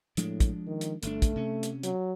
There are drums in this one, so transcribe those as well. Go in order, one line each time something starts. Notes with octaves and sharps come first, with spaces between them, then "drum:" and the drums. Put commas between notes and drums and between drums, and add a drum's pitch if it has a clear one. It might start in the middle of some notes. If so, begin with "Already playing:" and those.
A2 F3 G#3 D4, drum: hi-hat
drum: kick, hi-hat
D#3
drum: hi-hat
G1 A3 D4, drum: hi-hat
drum: kick, hi-hat
C3 C#4
drum: hi-hat
F#3, drum: hi-hat